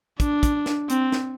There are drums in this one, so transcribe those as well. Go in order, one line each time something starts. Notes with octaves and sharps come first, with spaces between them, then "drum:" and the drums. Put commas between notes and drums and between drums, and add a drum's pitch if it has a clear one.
D4, drum: kick, hi-hat
drum: kick, hi-hat
drum: snare
C4, drum: hi-hat
drum: snare